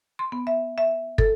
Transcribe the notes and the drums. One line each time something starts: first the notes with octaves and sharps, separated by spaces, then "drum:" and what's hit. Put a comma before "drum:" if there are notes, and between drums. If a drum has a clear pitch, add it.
C6
B3
E5
E5
A4, drum: kick